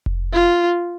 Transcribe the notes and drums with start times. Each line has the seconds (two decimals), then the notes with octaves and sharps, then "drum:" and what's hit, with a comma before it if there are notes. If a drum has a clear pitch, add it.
0.06 drum: kick F1
0.33 F4